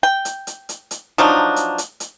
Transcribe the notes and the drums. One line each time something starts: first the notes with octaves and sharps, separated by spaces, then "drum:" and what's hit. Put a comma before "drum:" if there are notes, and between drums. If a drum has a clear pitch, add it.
G5
drum: hi-hat
drum: hi-hat
drum: hi-hat
drum: hi-hat
F3 F#3 D4 D#4
drum: hi-hat
drum: hi-hat
drum: hi-hat